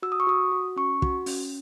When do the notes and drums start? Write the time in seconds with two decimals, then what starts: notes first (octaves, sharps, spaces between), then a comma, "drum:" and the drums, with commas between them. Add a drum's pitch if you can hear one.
0.03 F#4 E6
0.12 D#6
0.20 C#6
0.27 F#4 D#6
0.52 F#4
0.76 C#4 C#6
1.02 F#4, drum: kick
1.26 C#4, drum: open hi-hat